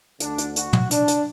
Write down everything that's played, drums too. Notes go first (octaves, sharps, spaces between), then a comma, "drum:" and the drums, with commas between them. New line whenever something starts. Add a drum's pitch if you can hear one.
D2 D3 D4, drum: hi-hat
drum: hi-hat
F#4, drum: hi-hat
drum: tom
D4, drum: hi-hat
drum: hi-hat